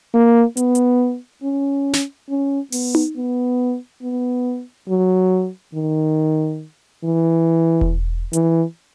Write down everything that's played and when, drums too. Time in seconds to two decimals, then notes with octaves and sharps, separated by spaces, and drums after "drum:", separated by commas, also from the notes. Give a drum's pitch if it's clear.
0.14 A#3
0.57 B3, drum: hi-hat
0.75 drum: hi-hat
1.43 C#4
1.93 drum: snare
2.29 C#4
2.72 B3, drum: open hi-hat
2.95 drum: tom D#4
3.16 B3
4.02 B3
4.89 F#3
5.74 D#3
7.04 E3
7.81 drum: kick E1
8.33 E3, drum: hi-hat